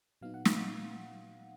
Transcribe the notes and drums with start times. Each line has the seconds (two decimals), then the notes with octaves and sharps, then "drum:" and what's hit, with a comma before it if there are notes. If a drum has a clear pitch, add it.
0.21 A#2 F#3 B3 D#4 F5
0.34 F#5
0.45 F5, drum: snare
0.57 F#5